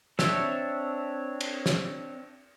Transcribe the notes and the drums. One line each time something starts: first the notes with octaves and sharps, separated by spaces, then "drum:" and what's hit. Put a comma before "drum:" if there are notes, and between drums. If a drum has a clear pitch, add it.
C4 D4 C#5 E5, drum: snare
drum: cymbal
drum: snare